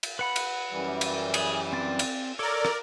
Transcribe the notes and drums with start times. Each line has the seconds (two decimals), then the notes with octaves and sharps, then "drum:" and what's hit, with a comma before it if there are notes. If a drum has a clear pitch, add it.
0.03 drum: cymbal
0.19 B4 F#5 B5
0.36 drum: cymbal
0.72 F#2 E3 G3
1.01 drum: cymbal
1.34 G#4, drum: cymbal
1.73 C4 D5
1.99 drum: cymbal
2.39 A4 A#4 C#5 D5 D6
2.65 drum: rim click